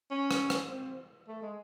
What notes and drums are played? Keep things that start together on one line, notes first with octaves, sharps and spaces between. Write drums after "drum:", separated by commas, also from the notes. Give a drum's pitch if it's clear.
C#4
drum: rim click
drum: rim click
C4
A3
G#3